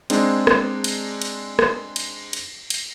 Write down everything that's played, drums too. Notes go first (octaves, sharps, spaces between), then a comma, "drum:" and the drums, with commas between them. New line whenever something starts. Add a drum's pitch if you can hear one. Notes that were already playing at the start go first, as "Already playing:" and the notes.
G#3 C4 D4 D#4 G#4, drum: cymbal
drum: rim click
drum: cymbal
drum: cymbal
drum: rim click
drum: cymbal
drum: cymbal
drum: cymbal